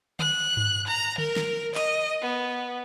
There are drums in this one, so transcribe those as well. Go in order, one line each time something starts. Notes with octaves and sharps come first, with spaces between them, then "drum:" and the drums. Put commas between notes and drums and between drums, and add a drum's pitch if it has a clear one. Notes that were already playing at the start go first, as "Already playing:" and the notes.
F#6, drum: tom D3
drum: tom G2
A#5
A#4, drum: tom D3
drum: snare
D#5, drum: clap
B3